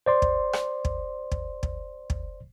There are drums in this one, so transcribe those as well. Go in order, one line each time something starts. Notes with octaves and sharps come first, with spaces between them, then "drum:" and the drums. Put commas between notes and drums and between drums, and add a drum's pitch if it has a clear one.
C5 D5 C6
drum: kick
drum: rim click
drum: kick
drum: kick
drum: kick
drum: kick